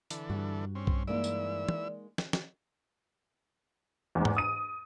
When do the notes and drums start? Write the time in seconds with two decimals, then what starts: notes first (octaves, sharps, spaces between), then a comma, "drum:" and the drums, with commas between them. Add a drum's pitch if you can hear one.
0.10 D3 E3 A4, drum: hi-hat
0.30 G2 F#4
0.75 C4 C#4
0.87 drum: kick B1
1.07 E3 G#3 A#3 D#4 D5 E6
1.24 drum: tambourine
1.69 drum: tom
2.18 drum: snare
2.33 drum: snare
4.15 E2 G#2
4.25 drum: tom G#2
4.37 D#6 D#7